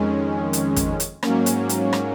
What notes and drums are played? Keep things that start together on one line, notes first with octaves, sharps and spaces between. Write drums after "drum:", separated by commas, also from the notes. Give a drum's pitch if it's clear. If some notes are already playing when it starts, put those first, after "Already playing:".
Already playing: F2 D#3 G#3 C#4
drum: hi-hat
drum: kick, hi-hat
drum: hi-hat
G#2 F#3 A#3 C#4, drum: rim click
drum: hi-hat
drum: hi-hat
drum: rim click